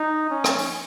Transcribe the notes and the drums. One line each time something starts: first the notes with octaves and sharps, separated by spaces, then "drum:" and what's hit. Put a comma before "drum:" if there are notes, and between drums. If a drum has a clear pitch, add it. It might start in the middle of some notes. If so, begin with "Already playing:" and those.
Already playing: D#4
C#4
drum: rim click
drum: open hi-hat